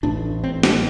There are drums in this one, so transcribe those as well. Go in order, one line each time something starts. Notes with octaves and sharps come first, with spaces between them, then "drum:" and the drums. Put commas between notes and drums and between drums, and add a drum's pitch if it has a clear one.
A1 A2 D4
C4
D4, drum: snare